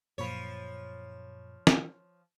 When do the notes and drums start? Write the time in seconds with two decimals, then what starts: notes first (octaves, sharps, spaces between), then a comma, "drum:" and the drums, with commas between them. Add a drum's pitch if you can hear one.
0.18 F#2 A#2 F3 C#5 B5
1.67 drum: snare